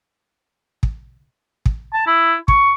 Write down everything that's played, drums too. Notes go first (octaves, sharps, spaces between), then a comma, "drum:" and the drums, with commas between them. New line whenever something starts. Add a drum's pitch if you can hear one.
drum: kick
drum: kick
A5
E4
C#6, drum: kick